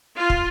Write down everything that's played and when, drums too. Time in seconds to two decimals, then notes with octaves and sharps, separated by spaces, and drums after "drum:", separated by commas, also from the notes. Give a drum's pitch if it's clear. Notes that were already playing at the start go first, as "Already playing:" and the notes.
0.18 F4
0.30 drum: kick